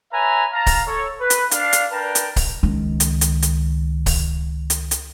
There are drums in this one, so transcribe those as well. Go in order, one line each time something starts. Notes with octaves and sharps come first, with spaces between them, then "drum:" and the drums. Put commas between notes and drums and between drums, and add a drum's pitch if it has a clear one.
B4 C#5 E5 G#5 A#5
F5 A5 A#5
drum: kick C#1, open hi-hat
A4 C#5
B4
drum: hi-hat
D4 F5, drum: hi-hat
drum: hi-hat
D4 A#4 B4 G5 A5
drum: hi-hat
drum: kick C#1, open hi-hat
C#2 D#3
drum: hi-hat
drum: hi-hat
drum: hi-hat
drum: kick C#1, open hi-hat
drum: hi-hat
drum: hi-hat